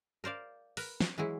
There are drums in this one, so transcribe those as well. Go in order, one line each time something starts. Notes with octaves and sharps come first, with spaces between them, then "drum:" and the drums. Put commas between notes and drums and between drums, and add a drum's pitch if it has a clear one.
A#4 C5 D5 F5
A#4 B4, drum: open hi-hat
drum: snare
E3 F#3 G#3 E4